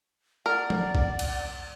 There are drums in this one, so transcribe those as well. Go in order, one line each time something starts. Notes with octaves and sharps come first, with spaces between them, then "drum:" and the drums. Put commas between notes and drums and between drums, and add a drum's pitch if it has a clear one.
A#4 D5 F#5
drum: tom F3
drum: kick A#1
drum: cymbal